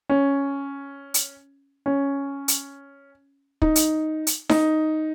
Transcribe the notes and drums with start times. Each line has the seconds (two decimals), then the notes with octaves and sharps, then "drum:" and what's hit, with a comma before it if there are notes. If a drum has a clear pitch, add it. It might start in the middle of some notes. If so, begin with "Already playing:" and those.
0.09 C#4
1.14 drum: hi-hat
1.86 C#4
2.48 drum: hi-hat
3.62 D#4, drum: kick
3.76 drum: hi-hat
4.27 drum: hi-hat
4.49 D#4, drum: snare D#4